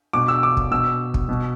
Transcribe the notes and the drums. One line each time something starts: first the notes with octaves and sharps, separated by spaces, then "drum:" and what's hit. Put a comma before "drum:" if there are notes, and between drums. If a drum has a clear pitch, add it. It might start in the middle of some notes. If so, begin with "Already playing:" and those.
B2 D6
E6
D6
drum: kick
B2 E6
drum: kick
B2